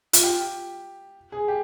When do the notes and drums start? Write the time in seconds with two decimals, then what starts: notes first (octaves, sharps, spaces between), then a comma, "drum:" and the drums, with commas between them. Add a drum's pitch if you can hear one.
0.13 F4, drum: hi-hat
0.23 G4
1.32 G#4
1.48 G4